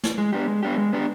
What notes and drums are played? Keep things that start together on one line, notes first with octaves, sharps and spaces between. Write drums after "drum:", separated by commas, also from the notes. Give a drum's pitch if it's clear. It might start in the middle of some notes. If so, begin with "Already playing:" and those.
drum: snare
G#3
B3 D4 G4
G#3
B3 D4 G4
G#3
B3 D4 G4